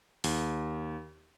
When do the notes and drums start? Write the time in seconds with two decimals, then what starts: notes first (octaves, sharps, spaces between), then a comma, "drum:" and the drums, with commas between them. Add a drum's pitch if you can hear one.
0.24 D#2, drum: open hi-hat